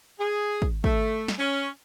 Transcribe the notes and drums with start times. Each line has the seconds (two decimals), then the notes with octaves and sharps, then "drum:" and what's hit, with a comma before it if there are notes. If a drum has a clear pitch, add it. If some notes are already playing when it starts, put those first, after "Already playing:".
0.19 G#4
0.62 drum: kick
0.84 A3, drum: kick
1.28 drum: snare
1.39 C#4